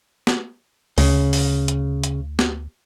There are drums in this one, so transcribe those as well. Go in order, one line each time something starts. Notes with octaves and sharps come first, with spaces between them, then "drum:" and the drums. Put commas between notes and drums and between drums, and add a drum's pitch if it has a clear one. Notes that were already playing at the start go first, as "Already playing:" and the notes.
drum: snare
D2 C#3, drum: open hi-hat
drum: open hi-hat
drum: hi-hat
drum: hi-hat
drum: snare